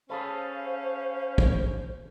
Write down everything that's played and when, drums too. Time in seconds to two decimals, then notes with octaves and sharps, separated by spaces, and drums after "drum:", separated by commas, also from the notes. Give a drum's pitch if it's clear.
0.10 C#4 G#4 A4 B4 C5 F5
1.38 drum: kick